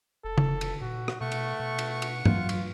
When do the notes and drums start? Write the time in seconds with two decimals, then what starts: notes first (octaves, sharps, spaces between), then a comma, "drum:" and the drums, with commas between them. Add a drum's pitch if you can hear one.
0.24 F1 A4
0.38 drum: tom C#3
0.61 drum: cymbal
0.81 A#2 F#4
1.08 drum: rim click
1.21 B2 A3 F#5 C#6
1.32 drum: cymbal
1.60 B2
1.79 drum: cymbal
2.02 drum: cymbal
2.25 F#3 F4, drum: tom G2
2.49 drum: cymbal